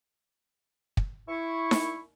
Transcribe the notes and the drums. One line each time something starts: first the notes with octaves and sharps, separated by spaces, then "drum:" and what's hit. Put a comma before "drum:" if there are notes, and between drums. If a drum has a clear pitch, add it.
drum: kick
E4 C#6
drum: snare D#4